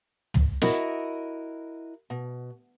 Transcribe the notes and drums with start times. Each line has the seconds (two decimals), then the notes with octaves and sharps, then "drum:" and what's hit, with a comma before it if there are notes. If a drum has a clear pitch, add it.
0.34 drum: tom
0.62 E4 F#4 A#4 D#5, drum: snare
2.10 B2